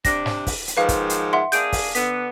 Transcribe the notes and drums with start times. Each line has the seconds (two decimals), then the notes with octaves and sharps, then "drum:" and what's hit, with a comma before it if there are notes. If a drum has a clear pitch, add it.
0.05 C3 D4 A#6, drum: kick, hi-hat
0.26 drum: snare
0.47 drum: kick, open hi-hat
0.68 drum: hi-hat
0.77 G#2 D#3 F3 B4 F5
0.89 drum: kick, hi-hat
1.10 drum: hi-hat
1.33 E5 F#5 C6
1.52 A#3 D4 G#4 G6 D7, drum: hi-hat
1.73 drum: kick, open hi-hat
1.95 D3 B3 B6, drum: hi-hat